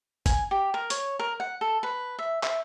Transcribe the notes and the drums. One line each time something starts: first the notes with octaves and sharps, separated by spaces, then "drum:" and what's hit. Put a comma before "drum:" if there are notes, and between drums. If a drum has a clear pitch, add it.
G#5, drum: kick F#1, hi-hat
G4
A#4
C#5, drum: hi-hat
A#4
F#5
A4
B4
E5
E5, drum: clap